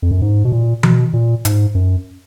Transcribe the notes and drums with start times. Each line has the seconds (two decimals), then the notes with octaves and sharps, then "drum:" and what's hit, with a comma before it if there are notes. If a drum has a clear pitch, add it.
0.02 F2
0.11 F#2
0.22 G#2
0.45 B2
0.52 A#2
0.83 B2, drum: tom E3
1.13 A#2
1.45 G#2, drum: hi-hat
1.75 F#2